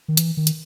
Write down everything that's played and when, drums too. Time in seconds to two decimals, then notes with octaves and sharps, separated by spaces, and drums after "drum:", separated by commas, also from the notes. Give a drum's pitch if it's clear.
0.08 D#3
0.17 E3, drum: hi-hat
0.37 D#3
0.47 drum: hi-hat